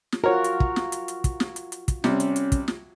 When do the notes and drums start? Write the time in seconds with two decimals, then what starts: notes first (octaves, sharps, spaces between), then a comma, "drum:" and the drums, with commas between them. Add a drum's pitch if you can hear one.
0.12 drum: snare
0.24 F4 F#4 A#4 C#5
0.44 drum: hi-hat
0.60 drum: kick
0.76 drum: snare
0.92 drum: hi-hat
1.08 drum: hi-hat
1.24 drum: kick, hi-hat
1.40 drum: snare
1.56 drum: hi-hat
1.72 drum: hi-hat
1.88 drum: kick, hi-hat
2.04 C3 G3 C#4, drum: snare
2.20 drum: hi-hat
2.36 drum: hi-hat
2.52 drum: kick, hi-hat
2.68 drum: snare